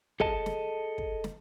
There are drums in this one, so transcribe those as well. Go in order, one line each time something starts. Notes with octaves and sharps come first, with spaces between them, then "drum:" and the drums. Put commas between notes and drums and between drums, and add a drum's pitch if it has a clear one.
G#4 A4 D#5 A5, drum: kick
drum: snare
drum: kick
drum: snare